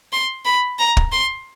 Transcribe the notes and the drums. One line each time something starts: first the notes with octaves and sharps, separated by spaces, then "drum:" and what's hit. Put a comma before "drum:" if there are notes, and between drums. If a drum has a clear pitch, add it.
C6
B5
A#5
drum: kick
C6